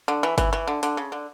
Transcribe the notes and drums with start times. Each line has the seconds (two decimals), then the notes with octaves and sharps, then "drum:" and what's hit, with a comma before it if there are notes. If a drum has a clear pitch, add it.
0.08 D3
0.23 E3
0.38 E3, drum: kick G1, hi-hat
0.53 E3
0.67 D3
0.83 D3, drum: hi-hat
0.97 C#3
1.12 D3